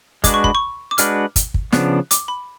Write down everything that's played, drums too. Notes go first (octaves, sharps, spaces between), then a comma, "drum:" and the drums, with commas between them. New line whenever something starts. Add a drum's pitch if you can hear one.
G#3 D4 F#4 B4 D6, drum: kick, hi-hat
C#6
B5, drum: kick
C#6
D6
G#3 D4 F#4 B4 F6, drum: hi-hat
drum: kick, hi-hat
drum: kick
C#3 F3 B3 D4 F#6, drum: snare
D6, drum: hi-hat
B5